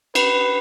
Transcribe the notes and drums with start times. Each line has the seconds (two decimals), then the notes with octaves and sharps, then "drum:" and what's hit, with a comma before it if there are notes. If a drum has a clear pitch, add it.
0.15 B4, drum: cymbal